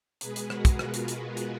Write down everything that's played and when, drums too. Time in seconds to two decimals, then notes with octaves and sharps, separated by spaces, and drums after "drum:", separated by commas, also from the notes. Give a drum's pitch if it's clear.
0.21 B2 G#3 G#4 B4, drum: hi-hat
0.36 drum: hi-hat
0.50 F#4 A#4, drum: rim click
0.65 drum: kick, hi-hat
0.79 F4 G#4, drum: rim click
0.94 drum: hi-hat
1.08 drum: hi-hat
1.37 drum: hi-hat